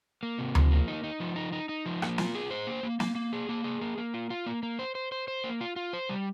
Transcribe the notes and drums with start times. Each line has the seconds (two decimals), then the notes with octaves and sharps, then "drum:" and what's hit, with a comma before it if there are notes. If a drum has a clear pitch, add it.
0.23 A#3
0.39 C3
0.55 F3, drum: tom D2
0.71 A#3
0.88 D#4
1.04 D#4
1.20 F3
1.36 D#4
1.52 D#4
1.69 D#4
1.86 F3
2.02 A#3, drum: rim click
2.18 F4, drum: snare
2.35 G#4
2.51 C5
2.67 A#3
2.83 A#3
3.00 A#3, drum: snare
3.15 A#3
3.33 G#4
3.49 A#3
3.64 G#4
3.81 A#3
3.98 A#3
4.14 F4
4.30 F4
4.46 A#3
4.63 A#3
4.79 C5
4.95 C5
5.12 C5
5.28 C5
5.44 A#3
5.61 F4
5.76 F4
5.93 C5
6.09 G3